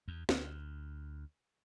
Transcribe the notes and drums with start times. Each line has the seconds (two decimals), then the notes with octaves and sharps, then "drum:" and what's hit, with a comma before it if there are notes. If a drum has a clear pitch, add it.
0.08 E2
0.29 D2, drum: snare